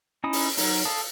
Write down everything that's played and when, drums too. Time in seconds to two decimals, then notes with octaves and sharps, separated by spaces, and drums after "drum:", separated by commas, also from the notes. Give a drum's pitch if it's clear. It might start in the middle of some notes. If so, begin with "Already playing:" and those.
0.24 C#4 D#4 E4 D#6
0.33 drum: open hi-hat
0.57 F#3 D#4 A#4, drum: open hi-hat
0.85 A4 F5 A5 D#6